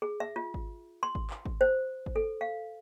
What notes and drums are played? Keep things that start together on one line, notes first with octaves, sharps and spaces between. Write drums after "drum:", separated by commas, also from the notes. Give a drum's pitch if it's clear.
G#4
E5
F4
drum: kick G#1
C6
drum: kick G#1
drum: clap
drum: kick G#1
C5
drum: kick G#1
A4
F5